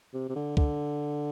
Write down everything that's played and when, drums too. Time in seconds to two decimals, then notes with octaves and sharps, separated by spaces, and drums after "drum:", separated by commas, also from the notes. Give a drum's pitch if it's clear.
0.14 C3
0.29 C3
0.36 D3
0.57 D3, drum: kick